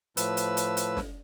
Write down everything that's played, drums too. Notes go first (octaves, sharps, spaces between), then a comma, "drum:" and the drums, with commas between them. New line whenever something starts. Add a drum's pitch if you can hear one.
A2 F3 B4 E6, drum: hi-hat
drum: hi-hat
drum: hi-hat
drum: hi-hat
drum: snare